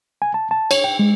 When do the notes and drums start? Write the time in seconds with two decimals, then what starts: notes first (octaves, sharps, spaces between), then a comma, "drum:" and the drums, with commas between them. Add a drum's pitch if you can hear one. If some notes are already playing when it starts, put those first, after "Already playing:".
0.22 G#5
0.34 A5
0.51 A5
0.71 C#5, drum: cymbal
0.84 G5
0.99 G#3